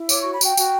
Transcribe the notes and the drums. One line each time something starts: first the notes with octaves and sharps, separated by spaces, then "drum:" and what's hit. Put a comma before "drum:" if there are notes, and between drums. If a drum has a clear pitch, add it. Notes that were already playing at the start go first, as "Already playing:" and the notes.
Already playing: E4
C#5 D6, drum: tambourine
F#4 C#6
B5
F#4 G5, drum: tambourine
F#4, drum: tambourine